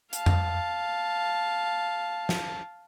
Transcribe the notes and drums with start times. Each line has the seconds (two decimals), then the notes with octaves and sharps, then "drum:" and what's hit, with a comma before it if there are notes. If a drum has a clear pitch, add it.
0.13 F5 A5, drum: hi-hat
0.26 drum: tom F2
2.29 drum: snare